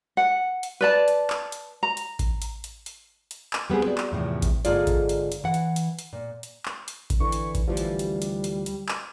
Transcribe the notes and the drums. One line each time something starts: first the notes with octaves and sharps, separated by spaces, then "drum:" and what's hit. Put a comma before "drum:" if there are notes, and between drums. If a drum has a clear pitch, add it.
F#5
drum: hi-hat
B4 D5 A5
drum: hi-hat
drum: clap
drum: hi-hat
A#5
drum: hi-hat
drum: kick A1, hi-hat
drum: hi-hat
drum: hi-hat
drum: hi-hat
drum: hi-hat
drum: clap
G3 B3 C4 G#4
F#4 D5
drum: clap
E2 A2 C3 F3
drum: kick A1, hi-hat
G#2 D3 A#3 F4 G#4 D5, drum: hi-hat
drum: kick A1, hi-hat
drum: hi-hat
drum: hi-hat
E3 F#5
drum: hi-hat
drum: hi-hat
drum: hi-hat
A#2
drum: hi-hat
drum: clap
drum: hi-hat
drum: kick A1, hi-hat
D3 E3 C#6
drum: hi-hat
drum: kick A1, hi-hat
D2 E3 F3 G3
drum: hi-hat
drum: hi-hat
drum: hi-hat
drum: hi-hat
drum: hi-hat
drum: clap